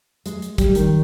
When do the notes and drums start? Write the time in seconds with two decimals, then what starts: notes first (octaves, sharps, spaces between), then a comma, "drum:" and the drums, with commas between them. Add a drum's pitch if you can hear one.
0.26 G#3, drum: hi-hat
0.42 drum: hi-hat
0.58 G3, drum: kick, hi-hat
0.75 D#3, drum: hi-hat